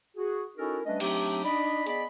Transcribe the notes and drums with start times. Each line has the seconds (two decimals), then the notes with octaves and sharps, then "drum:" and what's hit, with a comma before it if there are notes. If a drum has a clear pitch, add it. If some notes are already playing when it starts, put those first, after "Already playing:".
0.16 F#4 G#4
0.57 C#4 D#4 E4 F#4 A4 A#4
0.85 G3 A3 C#4 D4 B4 D#5
1.00 F#3 A3 C4 D4 D#4 G4, drum: cymbal
1.45 D4 D#4 D5 D#5 B5
1.87 B3 G#4 D5 D#5 B5, drum: hi-hat